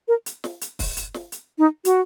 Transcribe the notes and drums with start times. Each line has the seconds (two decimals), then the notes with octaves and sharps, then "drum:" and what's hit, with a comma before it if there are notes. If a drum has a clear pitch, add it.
0.08 A#4
0.26 drum: hi-hat
0.44 drum: snare
0.61 drum: hi-hat
0.79 drum: kick, open hi-hat
0.97 drum: hi-hat
1.14 drum: snare
1.32 drum: hi-hat
1.58 D#4
1.85 F#4, drum: hi-hat